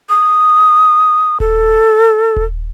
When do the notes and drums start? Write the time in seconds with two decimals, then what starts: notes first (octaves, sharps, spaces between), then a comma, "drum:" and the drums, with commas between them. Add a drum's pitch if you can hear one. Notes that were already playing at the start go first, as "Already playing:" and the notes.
0.09 D#6
1.40 A4, drum: kick D#1
2.36 drum: kick D#1